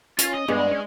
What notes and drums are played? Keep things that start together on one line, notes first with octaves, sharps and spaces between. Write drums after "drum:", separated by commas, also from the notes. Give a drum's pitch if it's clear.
C#4 F4, drum: hi-hat
D#5
G2 G#3 B3 D4 G#4 D#5
C#4